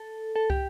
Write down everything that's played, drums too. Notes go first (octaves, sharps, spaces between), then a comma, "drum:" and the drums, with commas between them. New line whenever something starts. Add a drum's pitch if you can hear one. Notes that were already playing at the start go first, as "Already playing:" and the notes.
Already playing: A4
A4
G4, drum: kick